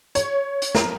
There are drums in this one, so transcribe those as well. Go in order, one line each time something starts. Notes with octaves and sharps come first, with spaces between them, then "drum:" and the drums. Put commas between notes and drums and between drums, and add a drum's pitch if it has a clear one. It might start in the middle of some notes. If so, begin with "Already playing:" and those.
C#5, drum: hi-hat
drum: hi-hat
A#4, drum: snare